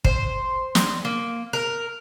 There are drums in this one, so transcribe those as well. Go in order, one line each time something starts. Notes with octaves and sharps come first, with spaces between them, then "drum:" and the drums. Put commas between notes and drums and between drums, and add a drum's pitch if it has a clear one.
C5, drum: kick
drum: snare
A#3
A#4